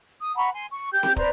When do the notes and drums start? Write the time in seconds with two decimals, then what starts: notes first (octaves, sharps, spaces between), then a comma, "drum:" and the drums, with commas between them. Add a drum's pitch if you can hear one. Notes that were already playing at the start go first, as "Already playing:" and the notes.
0.21 D#6
0.37 F#5 A#5 B5 C#6
0.53 G#5 C6
0.71 C#6
0.93 G4 G5 G6
1.03 drum: snare C4
1.16 B4 C5 D5 A#5, drum: kick